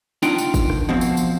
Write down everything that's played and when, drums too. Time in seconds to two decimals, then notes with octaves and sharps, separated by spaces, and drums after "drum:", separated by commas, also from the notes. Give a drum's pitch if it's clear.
0.23 D4 D#4 F4 F#5 G5, drum: tambourine
0.38 drum: tambourine
0.54 drum: kick, tambourine
0.70 drum: rim click
0.89 B2 F3 C4
1.01 drum: tambourine
1.17 drum: tambourine